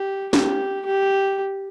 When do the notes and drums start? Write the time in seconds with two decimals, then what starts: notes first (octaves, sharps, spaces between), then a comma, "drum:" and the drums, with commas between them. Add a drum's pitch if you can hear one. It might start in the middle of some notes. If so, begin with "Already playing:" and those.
Already playing: G4
0.33 G4, drum: snare
0.85 G4